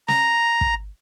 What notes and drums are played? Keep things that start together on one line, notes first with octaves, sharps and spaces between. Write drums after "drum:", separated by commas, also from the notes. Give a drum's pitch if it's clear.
A#5, drum: snare
drum: kick